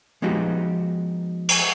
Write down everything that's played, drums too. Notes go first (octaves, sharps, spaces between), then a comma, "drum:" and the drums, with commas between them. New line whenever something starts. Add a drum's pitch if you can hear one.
F3 G#3 B3 D#4 F#4 G4
drum: cymbal